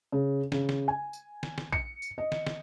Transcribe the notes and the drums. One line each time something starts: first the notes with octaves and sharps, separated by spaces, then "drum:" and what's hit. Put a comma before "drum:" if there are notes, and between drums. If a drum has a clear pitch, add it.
C#3
C#3, drum: snare
drum: snare
G#5
drum: tambourine
drum: snare
drum: snare
C#7, drum: kick A#1
drum: tambourine
D#5
drum: snare
drum: snare